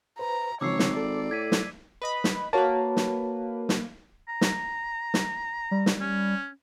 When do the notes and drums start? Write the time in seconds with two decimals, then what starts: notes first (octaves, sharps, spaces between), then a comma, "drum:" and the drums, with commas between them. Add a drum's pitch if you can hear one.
0.19 B4 C5 A#5
0.61 G#1 C#3 F3 C#5 D6 E6 C7
0.79 drum: snare
0.96 A4 D5
1.31 A2 G#6 B6 D#7
1.52 drum: snare
2.02 B4 D#5 B5
2.24 drum: snare
2.53 A#3 F#4 B4 C#5 A5
2.97 drum: snare
3.69 drum: snare
4.28 A#5
4.41 drum: snare
5.14 drum: snare
5.71 G3
5.86 drum: snare
6.01 C#4